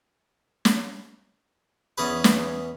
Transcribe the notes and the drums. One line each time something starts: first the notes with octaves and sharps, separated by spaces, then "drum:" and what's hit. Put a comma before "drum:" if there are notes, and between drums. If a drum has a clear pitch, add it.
drum: snare
E2 C#4 G#4 B4
drum: snare